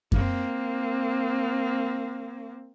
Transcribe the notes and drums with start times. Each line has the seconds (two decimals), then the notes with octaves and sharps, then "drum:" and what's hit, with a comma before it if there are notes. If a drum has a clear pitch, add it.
0.12 A#3 C4, drum: kick F#2